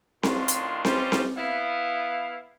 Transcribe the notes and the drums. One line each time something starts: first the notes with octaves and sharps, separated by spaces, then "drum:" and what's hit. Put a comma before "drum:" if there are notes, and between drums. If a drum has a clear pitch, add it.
A2 D#3 C#4 D4 F4 C6, drum: snare C4
drum: hi-hat
G3 C#4 D#4 F4 C5, drum: snare C4
drum: snare C4
B3 E4 F5